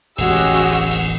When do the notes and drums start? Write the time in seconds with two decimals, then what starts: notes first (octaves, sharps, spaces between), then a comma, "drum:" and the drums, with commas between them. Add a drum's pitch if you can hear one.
0.18 E1 A1 G#3 C#4 F#4 G4 F#5 E6, drum: cymbal
0.37 drum: cymbal
0.55 drum: cymbal
0.73 drum: cymbal
0.91 drum: cymbal